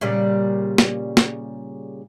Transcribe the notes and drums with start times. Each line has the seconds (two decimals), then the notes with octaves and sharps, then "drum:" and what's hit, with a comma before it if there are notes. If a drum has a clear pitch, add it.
0.01 A#2 C#3 G3
0.78 drum: snare
1.17 drum: snare